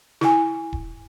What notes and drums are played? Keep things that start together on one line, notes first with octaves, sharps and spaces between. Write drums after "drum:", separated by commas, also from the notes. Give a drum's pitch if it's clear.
E4 G#5, drum: snare
drum: kick D#1